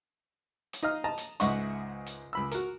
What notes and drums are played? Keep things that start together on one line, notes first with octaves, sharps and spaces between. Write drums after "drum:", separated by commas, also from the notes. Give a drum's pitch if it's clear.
drum: hi-hat
D#4 D#5 F5 F6
D#5 A5 A#5
drum: hi-hat
C#2 G#2 D#5 E5 F#5 C#6, drum: hi-hat
drum: hi-hat
C#2 B5 E6
F#4 A#4, drum: hi-hat